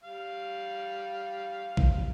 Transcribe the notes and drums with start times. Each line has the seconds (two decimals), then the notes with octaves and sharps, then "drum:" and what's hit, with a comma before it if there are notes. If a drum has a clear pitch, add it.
0.04 G3 F5
1.77 drum: kick A#1